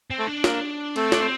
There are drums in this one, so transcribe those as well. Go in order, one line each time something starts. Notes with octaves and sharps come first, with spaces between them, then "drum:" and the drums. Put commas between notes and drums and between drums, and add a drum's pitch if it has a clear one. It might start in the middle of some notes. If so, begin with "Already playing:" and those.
C4
A3 A4
D4
A#3 A#4, drum: snare
A3 C4 A4, drum: cymbal
D4, drum: snare
C4